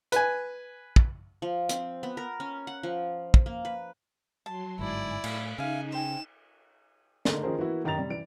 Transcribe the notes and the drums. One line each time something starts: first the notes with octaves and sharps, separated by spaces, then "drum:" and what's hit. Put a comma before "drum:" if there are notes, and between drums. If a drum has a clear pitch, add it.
B4 G#5, drum: hi-hat
drum: kick
F3
C4, drum: hi-hat
B3
A#4
C#4
F#5
F3
drum: kick
A#3
B4
F#3 A5 C6
G1 G#2 E4 D5 G#5
A2 F5, drum: cymbal
C#3 D#4 E5 F5 G#5
C5 G5 G#5 E7
D3 G#3 A3 D#4 A4 A#4, drum: snare
D#3 F3 C#4 G#4 A#4 C5
E3 A#3 B3 E4 F#4
F#2 D#3 G4 A#5 A6 F7
C3 G3
E3 D5 D7